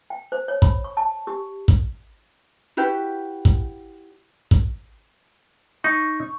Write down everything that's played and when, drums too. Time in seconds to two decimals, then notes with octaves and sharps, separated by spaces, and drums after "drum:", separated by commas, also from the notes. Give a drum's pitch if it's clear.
0.10 G5
0.32 C5
0.48 C#5
0.62 B5, drum: kick
0.84 C#6
0.97 A5
1.27 G4
1.68 drum: kick
2.77 E4 F#4 G4 B4
3.45 drum: kick
4.51 drum: kick
5.84 D#4 C#6